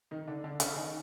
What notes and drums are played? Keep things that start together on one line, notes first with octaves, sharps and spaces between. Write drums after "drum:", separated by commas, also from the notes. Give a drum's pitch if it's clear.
D#3 D#4
D3 D4
D3 D4
C#3 C#4, drum: hi-hat
D#3 D#4